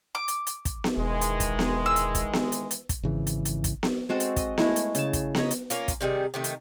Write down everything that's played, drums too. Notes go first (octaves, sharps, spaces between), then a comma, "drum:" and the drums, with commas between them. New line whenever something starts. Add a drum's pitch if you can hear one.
D6
drum: hi-hat
drum: hi-hat
drum: kick, hi-hat
drum: snare B3
E1 D#3 E3 G#3
drum: hi-hat
drum: kick, hi-hat
drum: snare B3
E6
drum: hi-hat
drum: kick, hi-hat
drum: snare B3
drum: hi-hat
drum: hi-hat
drum: kick, hi-hat
G#1 C#3 E3
drum: hi-hat
drum: hi-hat
drum: kick, hi-hat
drum: snare B3
G#3 C4 F#4 A4
drum: hi-hat
D#5, drum: kick, hi-hat
G#3 A3 E4 C#5, drum: snare B3
drum: hi-hat
C#3 A5, drum: hi-hat
drum: kick, hi-hat
C#5 D#5 A#5 B5, drum: snare B3
drum: hi-hat
A#3 C#4 F4, drum: hi-hat
drum: kick, hi-hat
C3 D#3 G3 G#4
C3 D#3 A3
drum: hi-hat